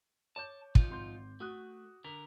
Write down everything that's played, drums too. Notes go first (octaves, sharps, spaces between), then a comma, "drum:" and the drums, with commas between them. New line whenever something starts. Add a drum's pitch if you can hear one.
C#5 A5 D6 G6
F3 D#4 F4, drum: kick
G#1 C6 G6
A3 F#4 D#6 F#6
D3 A#4 B6